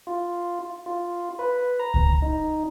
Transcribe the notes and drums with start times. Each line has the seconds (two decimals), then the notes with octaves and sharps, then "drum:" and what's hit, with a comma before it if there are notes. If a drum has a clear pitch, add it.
0.07 F4
0.86 F4
1.39 B4
1.79 A#5
1.94 drum: kick C#2
2.22 D#4